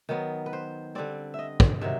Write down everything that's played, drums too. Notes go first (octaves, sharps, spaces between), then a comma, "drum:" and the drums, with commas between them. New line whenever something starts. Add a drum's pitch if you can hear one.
D#3 F#3 B3
B4
C5
D3 G3 C4 D5
D#5 E5
drum: kick
C3 D#3 F#3 E5